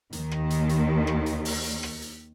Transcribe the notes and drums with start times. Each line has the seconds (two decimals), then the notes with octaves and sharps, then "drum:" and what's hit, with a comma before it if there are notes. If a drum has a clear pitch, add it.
0.13 D#2 D#3, drum: hi-hat
0.31 drum: rim click
0.50 drum: hi-hat
0.69 drum: hi-hat
1.07 drum: rim click
1.26 drum: hi-hat
1.45 drum: open hi-hat
1.64 drum: hi-hat
1.83 drum: rim click
2.02 drum: hi-hat